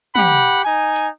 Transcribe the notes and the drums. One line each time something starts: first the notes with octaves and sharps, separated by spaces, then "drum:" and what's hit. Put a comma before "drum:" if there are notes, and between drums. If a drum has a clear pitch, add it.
G4 F#5 B5, drum: tom
D#4 G#5
drum: hi-hat